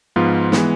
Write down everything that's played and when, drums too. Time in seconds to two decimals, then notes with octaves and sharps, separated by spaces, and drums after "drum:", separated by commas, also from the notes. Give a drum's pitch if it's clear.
0.16 G#2 F3 B3 F4
0.52 E3 G#3 B3, drum: snare